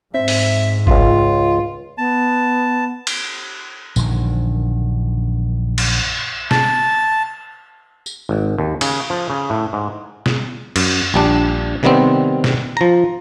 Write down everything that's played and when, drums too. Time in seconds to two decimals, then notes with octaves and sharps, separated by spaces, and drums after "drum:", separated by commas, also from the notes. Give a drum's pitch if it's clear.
0.14 G#2 C4 E5
0.28 drum: open hi-hat
0.87 C#2 F4 E5, drum: kick
1.98 B3 A5
3.07 drum: cymbal
3.96 A#1 F#2 D3 D#3, drum: tambourine
5.78 drum: cymbal
6.51 A5, drum: snare
8.06 drum: tambourine
8.29 G#1
8.58 D#2
8.81 C#3, drum: cymbal
9.10 F3
9.30 C#3
9.50 A2
9.73 G#2
10.26 drum: snare
10.76 F#2, drum: cymbal
11.14 A#1 G3 D4
11.83 C3 D#3 G3 B3 C4
12.44 drum: snare
12.77 F3 A#5